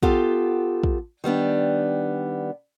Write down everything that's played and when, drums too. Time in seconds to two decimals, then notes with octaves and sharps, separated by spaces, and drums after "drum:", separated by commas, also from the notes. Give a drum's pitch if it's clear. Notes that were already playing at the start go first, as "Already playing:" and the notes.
0.03 B3 F4 G4 A4, drum: kick
0.84 drum: kick
1.24 D#3 G3 B3 D4